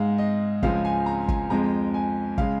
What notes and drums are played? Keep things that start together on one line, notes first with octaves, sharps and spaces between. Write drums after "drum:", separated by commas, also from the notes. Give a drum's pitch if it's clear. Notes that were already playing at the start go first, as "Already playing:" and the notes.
Already playing: G#2 G#3 F5
D#5
C#2 C#3 F3 G#3 F5, drum: kick
G#5
A#5
G#5, drum: kick
F2 F3 G#3 A#5
G#5
C#3 G#3 F5, drum: kick